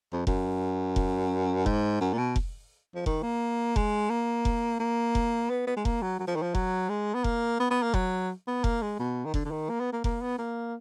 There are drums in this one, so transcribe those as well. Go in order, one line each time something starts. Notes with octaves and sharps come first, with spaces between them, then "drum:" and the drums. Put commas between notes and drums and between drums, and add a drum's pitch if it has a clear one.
F2
F#2, drum: kick F1
drum: kick F1
G#2, drum: kick F1
F#2
A#2
B2
drum: kick F1
F3
D#3, drum: kick F1
A#3
G#3, drum: kick F1
A#3
drum: kick F1
A#3
drum: kick F1
B3
B3
G#3
A#3, drum: kick F1
F#3
F#3
F3
D#3
F3
F#3, drum: kick F1
G#3
B3
A#3, drum: kick F1
B3
B3
A#3
F#3, drum: kick F1
B3
A#3, drum: kick F1
G#3
B2
D#3
D3, drum: kick F1
D3
D#3
A#3
B3
A#3
A#3, drum: kick F1
B3
A#3